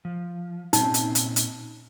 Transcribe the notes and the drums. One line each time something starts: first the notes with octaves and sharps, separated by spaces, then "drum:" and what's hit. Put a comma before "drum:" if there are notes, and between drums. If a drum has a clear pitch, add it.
F3
A#2 C4 C#4 D#4, drum: hi-hat
drum: hi-hat
drum: hi-hat
drum: hi-hat